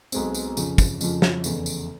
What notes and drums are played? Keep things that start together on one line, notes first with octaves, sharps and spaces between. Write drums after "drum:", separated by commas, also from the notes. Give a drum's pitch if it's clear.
B1 B2 G#3 C4, drum: tambourine
drum: tambourine
F2 C#3 F3, drum: tambourine
drum: kick, tambourine
F2 C#3 F3, drum: tambourine
drum: snare
F1 E2 C#3, drum: tambourine
drum: tambourine